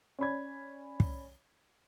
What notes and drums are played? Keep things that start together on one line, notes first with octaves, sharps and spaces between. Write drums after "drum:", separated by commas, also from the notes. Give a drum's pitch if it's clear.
C#4 D5 B5 G#6
drum: kick